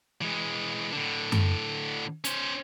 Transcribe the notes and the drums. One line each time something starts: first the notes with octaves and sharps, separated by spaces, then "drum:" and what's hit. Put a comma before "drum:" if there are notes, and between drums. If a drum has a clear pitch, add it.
E3 G#3
A2 D3
drum: tom F#2
C#4 C5, drum: hi-hat